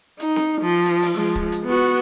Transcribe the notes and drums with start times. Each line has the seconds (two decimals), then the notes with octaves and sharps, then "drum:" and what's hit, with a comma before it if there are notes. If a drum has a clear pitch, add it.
0.20 D#4, drum: hi-hat
0.36 drum: snare C4
0.61 F3
0.86 drum: hi-hat
1.02 drum: open hi-hat
1.16 F3 G#3
1.36 drum: kick C#1
1.52 drum: hi-hat
1.64 B3 F#4